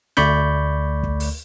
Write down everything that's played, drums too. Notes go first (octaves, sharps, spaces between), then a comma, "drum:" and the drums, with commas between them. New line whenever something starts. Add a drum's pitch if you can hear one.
D2 A3 D5 B5 C#6 G6, drum: snare
drum: kick
drum: open hi-hat